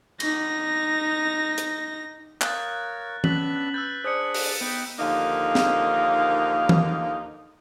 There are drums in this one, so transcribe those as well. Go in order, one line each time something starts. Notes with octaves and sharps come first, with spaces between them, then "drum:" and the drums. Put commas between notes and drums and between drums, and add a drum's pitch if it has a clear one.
D#4 A#6, drum: cymbal
drum: hi-hat
A#4 C#5 F5 D#6 F#6 G6 A6, drum: clap
B3 C#4 D4 E6 F#6 B6 F#7, drum: tom E3
B4 E6 F#6 G6 A6
D4 G#4 C5 D5 D#6 F#6 C#7
drum: open hi-hat
B3 D#4 G5 B5
D#2 D3 F3 A#3 D#4 F5
drum: snare
drum: tom E3